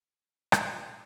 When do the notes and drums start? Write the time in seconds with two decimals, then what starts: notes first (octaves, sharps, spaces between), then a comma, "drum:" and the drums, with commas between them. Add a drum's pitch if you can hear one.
0.19 C#4 G#4
0.52 drum: rim click